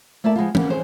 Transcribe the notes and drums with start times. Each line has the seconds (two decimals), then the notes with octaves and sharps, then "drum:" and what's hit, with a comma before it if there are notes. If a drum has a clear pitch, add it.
0.24 A3 A#3 D5 E5 A5
0.36 F3 G#3 B3 F4
0.55 A#3 B3 C#4, drum: tom E3
0.70 G#4 C5 C#5